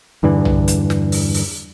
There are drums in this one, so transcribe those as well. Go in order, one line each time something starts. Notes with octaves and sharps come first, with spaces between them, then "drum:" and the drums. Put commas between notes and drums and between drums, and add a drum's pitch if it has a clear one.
E2 G2 D3 E3
drum: tom B1
drum: hi-hat
drum: snare
drum: open hi-hat
drum: open hi-hat